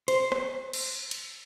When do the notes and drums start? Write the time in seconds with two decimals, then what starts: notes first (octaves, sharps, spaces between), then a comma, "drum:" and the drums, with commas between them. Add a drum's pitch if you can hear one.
0.08 C5, drum: cymbal
0.32 drum: rim click
0.73 drum: cymbal
1.11 drum: cymbal